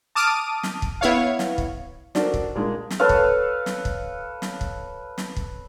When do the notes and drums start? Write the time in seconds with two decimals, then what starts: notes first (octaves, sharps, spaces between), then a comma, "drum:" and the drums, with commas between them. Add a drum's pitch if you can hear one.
0.15 A5 D6 D#6 F6 D7 D#7
0.63 drum: snare
0.82 drum: kick
1.01 B3 E4 C#5 F5
1.39 drum: snare
1.58 drum: kick
2.15 D4 F#4 A4 A#4 C5 D5, drum: snare
2.34 drum: kick
2.55 A#2 G#3 A#3 D4
2.90 drum: snare
3.00 A4 B4 C#5 F5
3.09 drum: kick
3.66 drum: snare
3.85 drum: kick
4.42 drum: snare
4.61 drum: kick
5.18 drum: snare
5.36 drum: kick